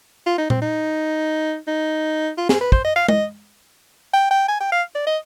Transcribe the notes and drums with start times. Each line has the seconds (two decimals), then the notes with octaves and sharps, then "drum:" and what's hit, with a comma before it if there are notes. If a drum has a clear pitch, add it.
0.26 F4
0.38 D#4
0.50 C4, drum: tom A#2
0.62 D#4
1.67 D#4
2.38 F4
2.49 G#4, drum: snare
2.61 B4
2.72 C5, drum: kick
2.84 D#5
2.96 F5
3.08 D#5, drum: tom G#3
4.13 G5
4.31 G5
4.48 G#5
4.60 G5
4.72 F5
4.95 D5
5.07 D#5